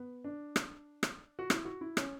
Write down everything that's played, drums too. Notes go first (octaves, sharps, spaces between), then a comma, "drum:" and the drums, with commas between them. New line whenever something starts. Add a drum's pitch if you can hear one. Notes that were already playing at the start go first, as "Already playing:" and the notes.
Already playing: B3
D4
drum: rim click
drum: rim click
F#4
E4, drum: rim click
F#4
E4
C#4, drum: rim click